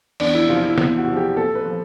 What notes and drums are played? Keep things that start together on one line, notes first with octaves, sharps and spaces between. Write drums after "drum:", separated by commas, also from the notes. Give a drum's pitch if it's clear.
E2 D4, drum: cymbal
E4
C3 F3 F4
E4
E2 F4, drum: snare
F#4
C3 F3
G4
A#2 A4
B4
F3